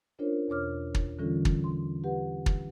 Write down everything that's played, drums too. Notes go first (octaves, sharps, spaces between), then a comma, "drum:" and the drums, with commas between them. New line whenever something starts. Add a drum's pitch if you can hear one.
C#4 D4 F4 A#4 C5 C#5
E2 B2 C#5 D6 F6
drum: kick
D3 E3 G3 C#4 F4 A4
drum: kick
C6
G4 B4 F#5
drum: kick